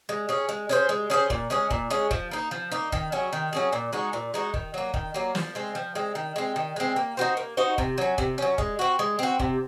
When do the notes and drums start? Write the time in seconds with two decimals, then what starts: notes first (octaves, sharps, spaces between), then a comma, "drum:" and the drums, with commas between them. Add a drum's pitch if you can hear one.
0.09 G#3
0.29 C#4 G#4
0.49 G#3
0.69 C#4 G#4 C5
0.89 G#3
1.10 C#4 G#4 C5
1.30 A#2, drum: kick
1.50 G#3 C#4 G#4
1.71 A#2, drum: kick
1.90 G#3 C#4 G#4
2.11 F3, drum: kick
2.31 A#3 D#4
2.51 F3
2.72 A#3 D#4
2.92 D#3, drum: kick
3.12 F#3 C#4 G#4
3.33 D#3
3.53 F#3 C#4 G#4
3.73 A#2
3.93 G#3 D#4 F#4
4.13 A#2
4.34 G#3 D#4 F#4
4.54 D#3, drum: kick
4.74 F#3 A#3
4.94 D#3, drum: kick
5.14 F#3 A#3
5.35 F3, drum: snare
5.55 G#3 C4
5.75 F3
5.95 G#3 C4
6.15 D#3
6.36 G#3 C4
6.56 D#3
6.76 G#3 C4
6.96 A#3
7.17 D#4 F#4 C5
7.37 A#3
7.57 D#4 F#4 C5
7.78 C3, drum: kick
7.98 F#3 C#4
8.18 C3, drum: kick
8.38 F#3 C#4
8.58 G#3, drum: kick
8.79 C4 F#4
8.99 G#3
9.19 C4 F#4
9.40 C3, drum: kick